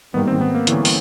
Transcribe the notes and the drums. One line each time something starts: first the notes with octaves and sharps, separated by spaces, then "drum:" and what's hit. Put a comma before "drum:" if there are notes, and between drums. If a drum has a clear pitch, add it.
G#2 D#3 G3 A#3 B3
C4
B3
A#3
D3 E3 G3 A#3 C#4, drum: hi-hat
drum: open hi-hat